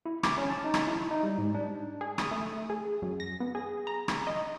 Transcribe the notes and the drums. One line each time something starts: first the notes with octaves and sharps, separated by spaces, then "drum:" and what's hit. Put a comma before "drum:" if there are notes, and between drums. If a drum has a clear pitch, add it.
E4
D6, drum: rim click
C#4
A5
D#4
drum: rim click
E4
D#4
G3
G#2
D4
G#4
D#6, drum: rim click
A3
G#4
F#2
A#6
B3
G#4
A#5
drum: rim click
D#5